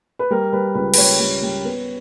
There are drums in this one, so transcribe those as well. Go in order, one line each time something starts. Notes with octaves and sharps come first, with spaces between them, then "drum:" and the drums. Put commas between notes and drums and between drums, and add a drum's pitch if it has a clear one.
B4
G3 A#4
G3 B4
C#2 B4
B4, drum: cymbal
G3 C#5
G3
G3
B3